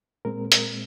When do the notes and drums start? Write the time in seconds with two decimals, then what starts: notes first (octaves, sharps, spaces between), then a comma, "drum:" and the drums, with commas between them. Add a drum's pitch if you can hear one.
0.25 A#2 G#3 C4 A#4
0.52 A#4, drum: hi-hat